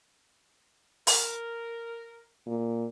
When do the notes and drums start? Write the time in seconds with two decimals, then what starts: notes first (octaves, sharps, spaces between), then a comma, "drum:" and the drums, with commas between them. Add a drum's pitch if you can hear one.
1.07 A#4, drum: open hi-hat
2.47 A#2